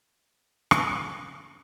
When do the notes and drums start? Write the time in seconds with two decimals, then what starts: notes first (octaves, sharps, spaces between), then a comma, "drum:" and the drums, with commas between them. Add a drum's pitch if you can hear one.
0.03 E2 G2 A#2 D#3 G3 A3
0.71 drum: rim click